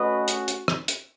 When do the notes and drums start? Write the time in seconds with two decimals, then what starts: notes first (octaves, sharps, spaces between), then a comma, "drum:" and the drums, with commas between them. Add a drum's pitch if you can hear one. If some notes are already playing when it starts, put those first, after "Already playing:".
Already playing: A3 C#4 F#4 B4 D#5
0.28 drum: hi-hat
0.48 drum: hi-hat
0.68 drum: rim click
0.88 drum: hi-hat